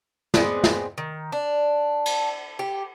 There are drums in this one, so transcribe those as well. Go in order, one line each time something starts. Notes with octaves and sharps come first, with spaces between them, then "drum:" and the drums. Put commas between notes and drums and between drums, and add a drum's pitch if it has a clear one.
G#3 B3 C4 D5, drum: snare
drum: snare
D#3
D4
drum: cymbal
G4